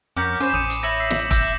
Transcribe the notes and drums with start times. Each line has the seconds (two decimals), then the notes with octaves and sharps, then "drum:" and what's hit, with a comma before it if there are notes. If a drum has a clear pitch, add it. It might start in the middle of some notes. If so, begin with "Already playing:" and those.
0.17 F2 C#4 A#4 F#5 D6 G6
0.40 C#4 C5 G#5 B5 D6 E7
0.54 A1 D#6 C#7 D#7
0.70 drum: hi-hat
0.83 C#5 E5 B5 A#6 F#7
1.00 E6 B6 C7
1.10 drum: snare
1.31 E5 G6 A#6 E7, drum: kick F1, hi-hat